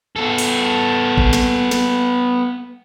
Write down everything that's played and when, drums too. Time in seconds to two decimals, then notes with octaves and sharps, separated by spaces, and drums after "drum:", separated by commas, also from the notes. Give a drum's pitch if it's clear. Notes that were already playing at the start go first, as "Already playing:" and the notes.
0.16 B3 A4
0.38 drum: open hi-hat
1.18 drum: kick G#1
1.33 drum: snare
1.71 drum: snare